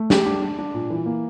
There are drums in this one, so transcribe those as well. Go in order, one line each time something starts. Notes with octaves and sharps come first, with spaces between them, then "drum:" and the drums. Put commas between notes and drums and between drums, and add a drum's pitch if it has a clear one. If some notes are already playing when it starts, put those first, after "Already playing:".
Already playing: A3
G4, drum: snare
D4
D4
D4
A#2
E3
A#3